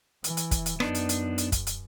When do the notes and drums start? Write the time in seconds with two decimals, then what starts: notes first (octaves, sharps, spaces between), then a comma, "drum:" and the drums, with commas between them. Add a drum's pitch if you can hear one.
0.24 E3 E4, drum: hi-hat
0.37 drum: hi-hat
0.51 drum: kick, hi-hat
0.66 drum: hi-hat
0.80 F#2 B3 D4 D#4, drum: rim click
0.95 drum: hi-hat
1.09 drum: hi-hat
1.38 drum: hi-hat
1.52 drum: kick, hi-hat
1.67 drum: hi-hat